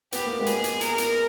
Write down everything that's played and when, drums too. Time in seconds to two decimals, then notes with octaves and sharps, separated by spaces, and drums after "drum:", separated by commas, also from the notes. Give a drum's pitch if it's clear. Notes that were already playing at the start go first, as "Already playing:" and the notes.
0.12 B3 G4, drum: hi-hat
0.25 A#3
0.39 G#3 B3
0.46 G#4, drum: hi-hat
0.64 drum: hi-hat
0.81 A#4, drum: hi-hat
0.98 drum: hi-hat